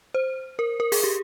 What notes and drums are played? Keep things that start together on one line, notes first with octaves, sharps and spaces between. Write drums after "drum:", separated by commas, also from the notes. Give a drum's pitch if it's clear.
C5
A#4
A#4
G#4, drum: open hi-hat
G4